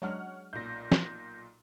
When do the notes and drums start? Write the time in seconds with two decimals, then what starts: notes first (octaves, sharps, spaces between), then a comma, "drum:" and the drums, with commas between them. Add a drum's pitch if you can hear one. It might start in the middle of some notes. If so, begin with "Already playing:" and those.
0.02 F#3 G#3 D4 C#5 F#5 F6
0.53 B1 A#2 G6 A#6
0.92 drum: snare